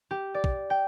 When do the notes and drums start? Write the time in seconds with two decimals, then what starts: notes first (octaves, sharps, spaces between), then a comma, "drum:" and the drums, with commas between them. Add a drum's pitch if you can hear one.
0.11 G4
0.34 D5
0.44 drum: kick
0.70 G5